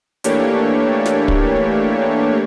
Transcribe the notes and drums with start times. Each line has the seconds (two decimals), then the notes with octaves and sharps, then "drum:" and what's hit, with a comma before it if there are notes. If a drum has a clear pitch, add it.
0.24 E3 A3 A#3 D4 G4 C#5, drum: hi-hat
1.06 drum: snare
1.28 drum: kick